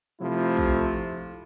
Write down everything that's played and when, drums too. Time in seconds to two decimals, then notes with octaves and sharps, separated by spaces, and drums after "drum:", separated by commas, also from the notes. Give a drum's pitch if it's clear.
0.21 C3 F3 A3 E4
0.57 drum: kick